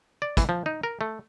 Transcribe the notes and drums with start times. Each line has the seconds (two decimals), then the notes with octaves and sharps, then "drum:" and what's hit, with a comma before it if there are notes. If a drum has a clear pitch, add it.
0.22 D5
0.37 E3, drum: kick, hi-hat
0.49 F3
0.66 D#4
0.83 A#4
1.01 A3